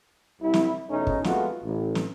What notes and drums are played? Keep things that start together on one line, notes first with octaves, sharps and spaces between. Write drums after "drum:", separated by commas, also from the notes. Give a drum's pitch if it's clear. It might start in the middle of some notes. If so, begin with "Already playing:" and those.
C2 E4
drum: snare
E2 B2 A3 C#4 D#4
drum: kick
F3 G#3 A3 B3 F4 F#4, drum: snare
A1
drum: snare